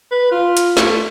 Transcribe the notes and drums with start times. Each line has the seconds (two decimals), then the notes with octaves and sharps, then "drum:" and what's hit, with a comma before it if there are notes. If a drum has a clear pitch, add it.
0.11 B4
0.31 F4
0.57 drum: hi-hat
0.77 A3, drum: snare